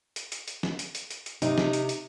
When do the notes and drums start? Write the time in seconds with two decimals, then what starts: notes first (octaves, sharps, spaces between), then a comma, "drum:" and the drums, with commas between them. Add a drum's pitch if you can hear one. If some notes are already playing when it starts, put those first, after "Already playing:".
0.16 drum: hi-hat
0.32 drum: hi-hat
0.48 drum: hi-hat
0.63 drum: snare
0.79 drum: hi-hat
0.95 drum: hi-hat
1.10 drum: hi-hat
1.26 drum: hi-hat
1.42 C3 D#4, drum: hi-hat
1.58 drum: snare
1.73 drum: hi-hat
1.89 drum: hi-hat